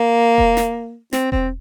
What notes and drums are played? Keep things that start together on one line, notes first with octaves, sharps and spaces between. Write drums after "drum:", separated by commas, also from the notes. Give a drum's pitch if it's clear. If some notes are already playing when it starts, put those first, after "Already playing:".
Already playing: A#3
drum: kick E1
drum: snare
C4, drum: snare
C4, drum: kick E1